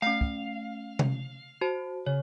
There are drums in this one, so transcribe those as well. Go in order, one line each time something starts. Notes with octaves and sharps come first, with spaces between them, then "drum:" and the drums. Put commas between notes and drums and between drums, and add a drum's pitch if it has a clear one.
A3 C#4 F5
drum: kick
drum: tom C3
F#4 C5 A5
C#3 C#5